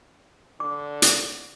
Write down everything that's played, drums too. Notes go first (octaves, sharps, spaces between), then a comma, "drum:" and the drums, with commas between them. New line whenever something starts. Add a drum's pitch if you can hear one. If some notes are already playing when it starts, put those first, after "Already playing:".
D3 D6
drum: hi-hat